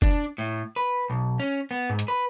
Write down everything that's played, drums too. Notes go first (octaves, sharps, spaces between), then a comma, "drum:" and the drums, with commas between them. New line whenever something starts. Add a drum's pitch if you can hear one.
D4, drum: kick F1
A2
B4
B1
C#4
B3
G#2
drum: hi-hat
B4